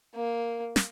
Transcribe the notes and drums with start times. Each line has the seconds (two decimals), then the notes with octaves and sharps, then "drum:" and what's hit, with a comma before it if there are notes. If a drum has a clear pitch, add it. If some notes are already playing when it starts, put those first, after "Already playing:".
0.15 A#3
0.76 drum: snare